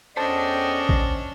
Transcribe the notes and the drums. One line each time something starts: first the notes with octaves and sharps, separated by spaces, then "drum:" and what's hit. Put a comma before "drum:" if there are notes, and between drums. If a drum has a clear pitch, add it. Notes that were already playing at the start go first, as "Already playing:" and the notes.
E2 C#4 D4 A4 C5 D#5 G5 A5
drum: kick A#1